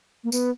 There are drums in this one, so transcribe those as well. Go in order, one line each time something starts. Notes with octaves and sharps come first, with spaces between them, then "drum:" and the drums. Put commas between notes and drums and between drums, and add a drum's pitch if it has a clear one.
A#3
B3, drum: tambourine